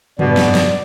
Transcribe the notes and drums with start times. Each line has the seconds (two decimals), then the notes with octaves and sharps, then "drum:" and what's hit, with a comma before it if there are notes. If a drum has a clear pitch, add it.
0.19 G2 B2 D5, drum: tom
0.37 drum: snare
0.55 drum: snare